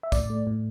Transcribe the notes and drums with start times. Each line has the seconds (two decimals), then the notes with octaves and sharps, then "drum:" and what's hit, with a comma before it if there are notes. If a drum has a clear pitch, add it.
0.03 E5
0.12 A2 D5, drum: kick, tambourine
0.30 A3
0.47 A2